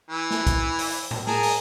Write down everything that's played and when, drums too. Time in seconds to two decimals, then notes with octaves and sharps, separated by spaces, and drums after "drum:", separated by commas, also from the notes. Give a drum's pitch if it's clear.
0.11 E3
0.30 drum: snare
0.47 drum: kick B1, hi-hat
0.79 drum: open hi-hat
1.11 drum: tom A2
1.27 G#4 A#4 A5, drum: snare
1.43 drum: open hi-hat